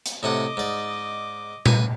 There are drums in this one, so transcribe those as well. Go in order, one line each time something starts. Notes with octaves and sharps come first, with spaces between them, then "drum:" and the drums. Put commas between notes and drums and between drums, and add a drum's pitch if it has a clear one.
drum: hi-hat
A2 C3 D#5 F#5 D6
G#2 D5
B4 G#5, drum: tom A#2